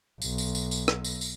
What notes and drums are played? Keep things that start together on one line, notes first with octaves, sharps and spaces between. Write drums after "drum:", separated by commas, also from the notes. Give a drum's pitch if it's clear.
B1, drum: tambourine
drum: tambourine
drum: tambourine
drum: tambourine
drum: rim click
drum: tambourine
drum: tambourine